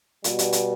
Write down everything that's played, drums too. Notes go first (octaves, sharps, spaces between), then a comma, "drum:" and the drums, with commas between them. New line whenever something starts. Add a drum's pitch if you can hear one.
B2 G3, drum: hi-hat
drum: hi-hat
drum: hi-hat